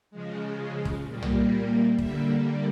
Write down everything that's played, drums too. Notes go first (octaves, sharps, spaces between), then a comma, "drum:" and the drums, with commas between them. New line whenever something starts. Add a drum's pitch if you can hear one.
C#3 F3 G#3
drum: kick
A#2 G3 A#3
drum: tom
D3 G3 A#3 E5, drum: kick